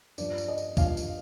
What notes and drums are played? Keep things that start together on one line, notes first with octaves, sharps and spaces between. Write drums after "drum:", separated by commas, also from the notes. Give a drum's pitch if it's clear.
G2 F3 D5, drum: tambourine
drum: tambourine
D#5
drum: tambourine
G2 F3 F5, drum: kick D2, tambourine
drum: tambourine